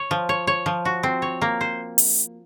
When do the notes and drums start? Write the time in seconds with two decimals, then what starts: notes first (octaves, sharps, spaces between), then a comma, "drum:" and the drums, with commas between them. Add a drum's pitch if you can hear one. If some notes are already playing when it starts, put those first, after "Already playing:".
Already playing: C#5
0.11 F3
0.29 C#5
0.47 C#5
0.66 F3
0.85 F#4
1.03 C4
1.22 C#5
1.42 A#3
1.61 C5
1.98 drum: open hi-hat